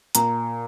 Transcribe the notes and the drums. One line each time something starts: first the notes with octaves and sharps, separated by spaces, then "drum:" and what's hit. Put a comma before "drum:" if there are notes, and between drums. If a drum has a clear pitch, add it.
A#2 A#5, drum: hi-hat